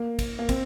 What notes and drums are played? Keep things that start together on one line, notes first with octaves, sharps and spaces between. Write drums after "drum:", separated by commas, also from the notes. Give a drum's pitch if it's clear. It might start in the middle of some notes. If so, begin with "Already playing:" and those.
Already playing: A#3
drum: kick, cymbal
A#3
C4, drum: kick, cymbal